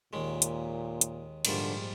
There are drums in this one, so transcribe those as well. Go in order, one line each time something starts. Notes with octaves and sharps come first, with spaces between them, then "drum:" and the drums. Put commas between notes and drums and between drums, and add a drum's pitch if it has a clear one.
D#2 A#2 D#3 G#3
drum: hi-hat
drum: hi-hat
A#1 G#2 D3 G3 A#3 F4, drum: cymbal